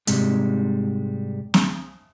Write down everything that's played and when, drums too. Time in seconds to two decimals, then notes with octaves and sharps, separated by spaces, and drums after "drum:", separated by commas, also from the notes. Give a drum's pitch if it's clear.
0.07 G#2 C3 G3 G#3, drum: hi-hat
1.54 drum: snare